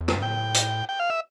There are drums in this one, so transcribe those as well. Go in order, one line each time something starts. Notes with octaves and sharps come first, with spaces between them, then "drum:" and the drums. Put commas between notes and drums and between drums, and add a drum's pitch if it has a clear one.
E2
F2, drum: rim click
G2
A2 G5
drum: hi-hat
G5
F5
E5